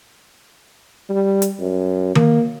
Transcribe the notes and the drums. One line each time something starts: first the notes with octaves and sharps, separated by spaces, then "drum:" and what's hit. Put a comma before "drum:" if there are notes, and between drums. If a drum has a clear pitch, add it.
G3
drum: hi-hat
F#2
A#3, drum: tom D#3